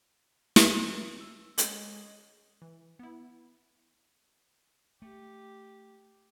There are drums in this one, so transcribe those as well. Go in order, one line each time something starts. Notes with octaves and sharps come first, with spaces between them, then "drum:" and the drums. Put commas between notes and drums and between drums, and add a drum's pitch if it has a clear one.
drum: snare
E6
G#3 G#4 C#5 D#5, drum: hi-hat
E3
B3 E4
A3 G4